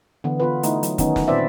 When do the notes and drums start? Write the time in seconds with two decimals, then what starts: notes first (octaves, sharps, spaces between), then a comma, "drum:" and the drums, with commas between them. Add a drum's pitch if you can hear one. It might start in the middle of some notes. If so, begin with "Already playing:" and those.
0.24 D3 E3 B3
0.40 B3 F4 B4
0.63 A3 D#4 E4, drum: hi-hat
0.83 F#3, drum: hi-hat
0.98 D#3 B3 C#4 D#4, drum: kick, hi-hat
1.16 drum: snare
1.28 A#2 C4 B4 C5 D5 E5